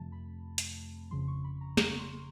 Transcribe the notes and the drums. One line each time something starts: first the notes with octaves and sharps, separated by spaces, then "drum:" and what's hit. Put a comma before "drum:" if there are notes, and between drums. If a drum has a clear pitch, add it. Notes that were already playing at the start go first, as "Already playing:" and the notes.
Already playing: F2 C3 F3 A3 A5
B5
drum: hi-hat
G1 F2 C#3 F3 C6
C#6
B5
A#5
A#5, drum: snare
C#6
C6